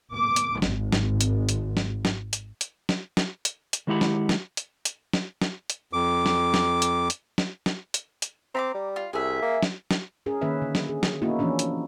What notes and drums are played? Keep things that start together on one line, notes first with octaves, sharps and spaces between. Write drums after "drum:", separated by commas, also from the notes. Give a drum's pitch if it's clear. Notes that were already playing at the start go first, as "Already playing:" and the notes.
D6
drum: hi-hat
G#1, drum: snare
drum: snare
drum: hi-hat
drum: hi-hat
drum: snare
drum: snare
drum: hi-hat
drum: hi-hat
drum: snare
drum: snare
drum: hi-hat
drum: hi-hat
D#3 G#3 E4 G4 F#5 B5
drum: snare
drum: snare
drum: hi-hat
drum: hi-hat
drum: snare
drum: snare
drum: hi-hat
F2 D6
drum: snare
drum: snare
drum: hi-hat
drum: hi-hat
drum: snare
drum: snare
drum: hi-hat
drum: hi-hat
C4 A#5 B5 D6
G3
F4
C2 G#4 E5
A#3
drum: snare
drum: snare
C#4 G#4 A#4
D#3 A#3 C#4 B4 E5
D3
drum: snare
G#4
drum: snare
A#3 B3 C#4 D#4 E4 F#4
E3 F3 A#3 C#4 D4
drum: hi-hat